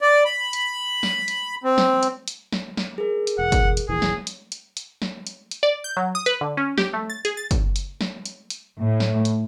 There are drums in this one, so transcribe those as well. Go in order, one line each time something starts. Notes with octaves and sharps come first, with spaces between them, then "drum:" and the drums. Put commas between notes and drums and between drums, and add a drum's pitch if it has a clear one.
D5
B5
drum: hi-hat
drum: snare
drum: hi-hat
C4
drum: snare
drum: hi-hat
drum: hi-hat
drum: snare
drum: snare
G#4 A#4
drum: hi-hat
E1 F#5
drum: kick, hi-hat
drum: hi-hat
D#1 A#1 E3 G#4
drum: snare
drum: hi-hat
drum: hi-hat
drum: hi-hat
drum: snare
drum: hi-hat
drum: hi-hat
D5
G6
F#3
D#6
B4, drum: hi-hat
D3
C#4
G4, drum: snare
A3
A6
G#4, drum: hi-hat
A6
drum: kick, hi-hat
drum: hi-hat
drum: snare
drum: hi-hat
drum: hi-hat
A2
drum: snare
drum: hi-hat